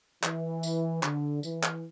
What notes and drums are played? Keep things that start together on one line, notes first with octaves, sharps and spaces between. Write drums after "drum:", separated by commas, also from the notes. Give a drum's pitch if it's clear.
E3, drum: clap
drum: tambourine
D3, drum: clap
E3, drum: tambourine
drum: clap